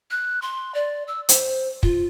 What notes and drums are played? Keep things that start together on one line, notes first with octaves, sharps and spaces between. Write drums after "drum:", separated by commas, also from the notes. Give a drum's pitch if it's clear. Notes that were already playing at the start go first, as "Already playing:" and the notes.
F#6
C6
D5
E6
C5, drum: hi-hat
F4, drum: kick